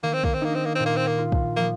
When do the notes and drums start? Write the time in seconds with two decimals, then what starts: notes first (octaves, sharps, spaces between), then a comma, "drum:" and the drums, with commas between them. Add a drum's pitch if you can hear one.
0.03 D#3 A#3
0.13 C4
0.24 A#3, drum: kick
0.34 C4
0.41 A#3 D#4
0.54 C4
0.65 A#3
0.75 A#2 C4
0.86 A#3
0.96 C4
1.07 A#3
1.18 F4
1.32 drum: kick
1.56 F3 A#3